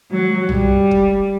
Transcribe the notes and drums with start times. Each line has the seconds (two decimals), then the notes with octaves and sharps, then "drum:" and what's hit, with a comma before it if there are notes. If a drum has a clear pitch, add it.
0.11 F#3
0.49 G3, drum: tom B1
0.91 drum: kick